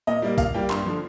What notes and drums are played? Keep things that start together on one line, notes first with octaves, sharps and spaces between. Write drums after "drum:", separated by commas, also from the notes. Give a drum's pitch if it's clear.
A#2 D#5
G3 A#3
A#2 F5, drum: kick A#1, tambourine
G3 A#3 G5
G2 C6, drum: clap
D3 F3